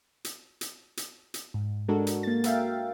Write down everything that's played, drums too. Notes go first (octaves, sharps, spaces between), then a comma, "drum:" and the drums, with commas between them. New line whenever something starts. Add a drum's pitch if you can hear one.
drum: hi-hat
drum: hi-hat
drum: hi-hat
drum: hi-hat
G#2
G#3 D4 F#4 A4 A#4
drum: hi-hat
A#3 A6
F#4 A#4 E5 F5 G5, drum: hi-hat